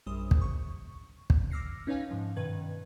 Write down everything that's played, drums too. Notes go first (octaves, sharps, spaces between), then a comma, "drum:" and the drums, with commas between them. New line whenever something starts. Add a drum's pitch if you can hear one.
A#1 F#2 G3 C5 D#6
drum: kick
C#6
drum: kick
D6 E6 F6 A#6 C7 C#7
C#4 D#4 B4 C#5 F5 G#5
G#2 F3
G2 B2 D#3 B4 G#6